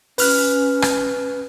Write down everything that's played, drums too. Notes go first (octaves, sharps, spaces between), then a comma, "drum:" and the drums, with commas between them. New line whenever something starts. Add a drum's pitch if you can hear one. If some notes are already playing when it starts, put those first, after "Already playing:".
C#4 B4 F6 F#6, drum: open hi-hat
drum: rim click